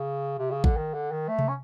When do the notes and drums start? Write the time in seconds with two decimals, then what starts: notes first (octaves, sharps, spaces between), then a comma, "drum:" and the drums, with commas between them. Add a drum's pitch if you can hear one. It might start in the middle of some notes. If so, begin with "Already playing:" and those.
Already playing: C#3
0.38 C3
0.51 C#3
0.64 D3, drum: kick G#1
0.77 D#3
0.94 D3
1.11 D#3
1.28 A3
1.39 drum: tom C3
1.48 C#4